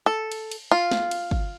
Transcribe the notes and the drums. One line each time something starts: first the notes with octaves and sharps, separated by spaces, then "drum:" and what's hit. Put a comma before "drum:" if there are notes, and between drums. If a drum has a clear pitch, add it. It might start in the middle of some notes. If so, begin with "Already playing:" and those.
A4
drum: cymbal
drum: cymbal
F4
drum: snare
drum: cymbal
drum: kick